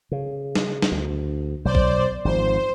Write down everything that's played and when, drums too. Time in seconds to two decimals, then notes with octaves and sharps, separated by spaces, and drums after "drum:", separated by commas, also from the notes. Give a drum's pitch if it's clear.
0.12 C#3
0.55 drum: snare
0.82 drum: snare
0.92 D2
1.65 B1 F#3 C5 D5
1.75 drum: kick
2.25 G#1 G#2 F3 C5